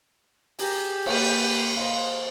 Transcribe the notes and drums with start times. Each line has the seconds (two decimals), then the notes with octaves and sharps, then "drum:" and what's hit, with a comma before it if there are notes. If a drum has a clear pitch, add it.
0.59 G4 G#4 A#5, drum: open hi-hat
1.06 A#3 B4, drum: cymbal
1.76 C5 D#5 F5